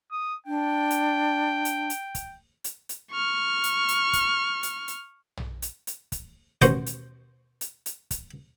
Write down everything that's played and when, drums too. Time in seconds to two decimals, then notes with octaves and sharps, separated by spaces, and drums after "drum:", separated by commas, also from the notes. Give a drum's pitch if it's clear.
0.12 D#6
0.47 D4 G5
0.90 drum: hi-hat
1.65 drum: hi-hat
1.90 drum: hi-hat
2.15 drum: kick, hi-hat
2.64 drum: hi-hat
2.89 drum: hi-hat
3.12 C#6 F6
3.64 drum: hi-hat
3.88 drum: hi-hat
4.13 drum: kick, hi-hat
4.63 drum: hi-hat
4.88 drum: hi-hat
5.37 drum: tom
5.62 drum: hi-hat
5.87 drum: hi-hat
6.12 drum: kick, hi-hat
6.62 A1 D#2 B2 F#4 C5 C#6, drum: hi-hat
6.86 drum: hi-hat
7.61 drum: hi-hat
7.86 drum: hi-hat
8.11 drum: kick, hi-hat